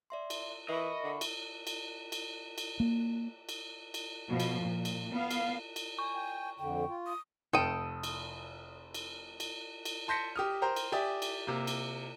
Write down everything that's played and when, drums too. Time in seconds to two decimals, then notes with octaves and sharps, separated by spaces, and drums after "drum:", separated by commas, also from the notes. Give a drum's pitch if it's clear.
0.10 D5 E5 C6
0.30 drum: cymbal
0.69 E3 A#4 D#5 E5 B5 C#6
1.04 D3
1.21 drum: cymbal
1.67 drum: cymbal
2.12 drum: cymbal
2.58 drum: cymbal
2.80 A#3
3.49 drum: cymbal
3.94 drum: cymbal
4.30 B2 F3
4.40 drum: cymbal
4.63 A#2
4.85 drum: cymbal
5.12 B3 F5
5.31 drum: cymbal
5.76 drum: cymbal
5.99 G#5 C#6
6.16 G5
6.59 F2 D3 G5
6.89 F4
7.06 D#6
7.53 F1 A4 G5 D#6 D#7
8.03 drum: cymbal
8.94 drum: cymbal
9.40 drum: cymbal
9.85 drum: cymbal
10.08 A5 C6 G6 A#6 B6 C#7
10.36 G4 D#6 F6
10.62 A#4 C5 G5 A#5
10.76 drum: cymbal
10.92 G4 D5 E5 G#5 D#6
11.22 drum: cymbal
11.47 C3 A#3
11.67 drum: cymbal